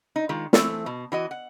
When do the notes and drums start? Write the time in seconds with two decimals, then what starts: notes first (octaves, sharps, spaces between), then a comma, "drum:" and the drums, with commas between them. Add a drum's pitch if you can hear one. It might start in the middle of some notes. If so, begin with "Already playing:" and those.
0.16 D#4
0.29 D#3 G#3 F4
0.53 E3 A3 C4, drum: snare
0.86 B2
1.12 E3 F#4 D#5
1.31 F#5